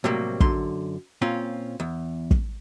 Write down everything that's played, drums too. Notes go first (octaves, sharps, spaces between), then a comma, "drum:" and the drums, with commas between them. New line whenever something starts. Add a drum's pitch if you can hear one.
A2 C3 F#3 G3 A#3
F#2 D3 C6, drum: kick
A#2 C4 C#4 F4
E2
drum: kick